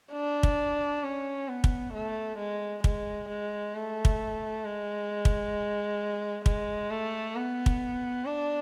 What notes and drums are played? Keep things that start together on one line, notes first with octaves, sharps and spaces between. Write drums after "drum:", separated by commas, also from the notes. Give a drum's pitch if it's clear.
D4
drum: kick
C#4
B3
drum: kick
A3
G#3
G#3, drum: kick
G#3
A3
drum: kick
G#3
drum: kick
G#3, drum: kick
A3
B3
drum: kick
D4